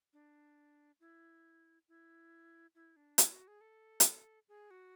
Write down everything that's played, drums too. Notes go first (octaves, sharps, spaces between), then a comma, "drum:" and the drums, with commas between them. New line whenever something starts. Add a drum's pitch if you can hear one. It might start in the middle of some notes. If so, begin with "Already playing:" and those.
D4
E4
E4
E4
D4
E4, drum: hi-hat
F#4
G#4
A4
drum: hi-hat
G#4
F#4